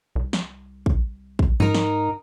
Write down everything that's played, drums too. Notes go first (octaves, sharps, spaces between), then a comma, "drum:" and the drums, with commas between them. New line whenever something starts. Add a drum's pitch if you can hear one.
C2
drum: snare
drum: kick
drum: kick
G#2 D#4 A#4
drum: snare